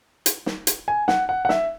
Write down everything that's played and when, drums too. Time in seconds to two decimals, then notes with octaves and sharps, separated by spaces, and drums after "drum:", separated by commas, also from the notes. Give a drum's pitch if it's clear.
0.26 drum: hi-hat
0.46 drum: snare
0.67 drum: hi-hat
0.88 G#5
1.08 F#5, drum: snare
1.29 F#5
1.45 F#5
1.49 E5, drum: snare